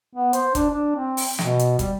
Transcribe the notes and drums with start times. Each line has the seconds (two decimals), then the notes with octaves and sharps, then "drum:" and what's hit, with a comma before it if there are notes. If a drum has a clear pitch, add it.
0.15 B3
0.33 C5, drum: hi-hat
0.55 D4, drum: kick, hi-hat
0.70 D4
0.96 C4
1.17 drum: open hi-hat
1.39 B2, drum: snare
1.59 drum: hi-hat
1.79 G3, drum: kick, hi-hat